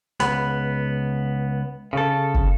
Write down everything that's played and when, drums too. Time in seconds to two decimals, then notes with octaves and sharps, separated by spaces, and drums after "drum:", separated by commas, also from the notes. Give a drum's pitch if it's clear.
0.20 C#2 B3 B5, drum: hi-hat
1.93 C#3 A4
2.34 drum: kick F1